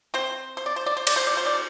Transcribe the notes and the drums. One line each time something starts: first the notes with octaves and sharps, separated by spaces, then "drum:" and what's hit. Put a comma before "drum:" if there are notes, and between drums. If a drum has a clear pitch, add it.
C4 C5
C5
D5
C5
D5
C5
D5, drum: cymbal
C5
D5
C5
D5